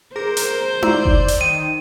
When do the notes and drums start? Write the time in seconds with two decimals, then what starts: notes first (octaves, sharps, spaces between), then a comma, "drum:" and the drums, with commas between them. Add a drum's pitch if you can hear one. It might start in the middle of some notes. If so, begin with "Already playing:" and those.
0.16 G#4 A#4 C5
0.37 drum: hi-hat
0.82 D5 A#5 E6, drum: tom D#4
1.05 drum: kick F#1
1.28 drum: hi-hat
1.41 D#3 D#7